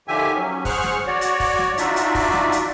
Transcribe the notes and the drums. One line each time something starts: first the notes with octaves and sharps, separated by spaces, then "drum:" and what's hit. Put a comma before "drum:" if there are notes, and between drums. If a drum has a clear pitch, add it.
D3 D#3 F3 G4 E5 G#5
F#3 C#4
G#4 C5 F#5 C#6 F6 F#6, drum: kick, open hi-hat
drum: snare
F#4 C#5 D5
drum: hi-hat
drum: kick, open hi-hat
drum: snare
D4 D#4 F4 F#4 D5 E5, drum: hi-hat
drum: hi-hat
drum: kick, open hi-hat
drum: snare
drum: hi-hat